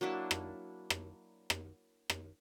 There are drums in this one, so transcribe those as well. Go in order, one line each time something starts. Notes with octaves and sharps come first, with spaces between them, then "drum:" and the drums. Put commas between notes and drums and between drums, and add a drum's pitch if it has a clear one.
F#3 A#3 D4 E4
drum: rim click
drum: rim click
drum: rim click
drum: rim click